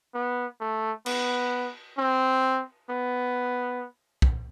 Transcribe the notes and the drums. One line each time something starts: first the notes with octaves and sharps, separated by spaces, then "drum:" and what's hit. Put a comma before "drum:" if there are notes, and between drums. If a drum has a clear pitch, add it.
B3
A3
B3, drum: cymbal
C4
B3
drum: kick B1